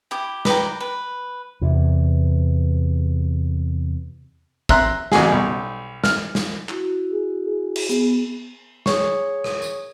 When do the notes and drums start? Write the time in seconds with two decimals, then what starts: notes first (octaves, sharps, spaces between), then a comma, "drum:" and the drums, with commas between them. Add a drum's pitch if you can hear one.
0.11 E4 G4
0.45 B4 D5 G5 A#5, drum: snare
0.80 B4
1.61 E2 C3
4.69 E5 A#5 C6 F#6, drum: kick
5.12 A1 C#3 F#4 G#4, drum: snare
5.28 B1 G3
6.04 F6, drum: snare
6.35 drum: snare
6.69 E4 F#4, drum: clap
7.12 G#4
7.46 G#4
7.76 drum: cymbal
7.89 B3 G#4, drum: hi-hat
8.86 G#4 C#5 C#6, drum: snare
9.44 drum: rim click
9.62 drum: tambourine